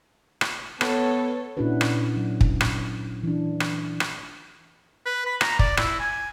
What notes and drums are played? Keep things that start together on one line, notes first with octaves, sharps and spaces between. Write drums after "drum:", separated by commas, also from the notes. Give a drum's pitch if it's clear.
drum: rim click
B3 A4 C#5, drum: rim click
A#2 C#4 D4 E4 F#4 B4
drum: rim click
F#3
drum: kick
drum: rim click
E3 D4
drum: rim click
drum: rim click
B4
B5
A#5, drum: rim click
D5, drum: kick
E4, drum: rim click
G#5